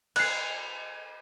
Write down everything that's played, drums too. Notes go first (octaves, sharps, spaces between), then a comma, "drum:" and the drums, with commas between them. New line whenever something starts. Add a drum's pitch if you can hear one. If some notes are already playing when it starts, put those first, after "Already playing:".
F#6 C7, drum: cymbal